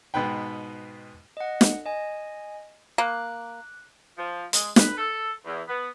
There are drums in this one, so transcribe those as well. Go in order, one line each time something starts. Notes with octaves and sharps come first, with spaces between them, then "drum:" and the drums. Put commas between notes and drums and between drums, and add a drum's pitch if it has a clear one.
G#2 B2 B3 D#4 B4 G5
D#5 F#5
drum: snare
D#5 G#5
A#3 D6 F#6
F3
G#3, drum: hi-hat
B4, drum: snare
A4
E2
B3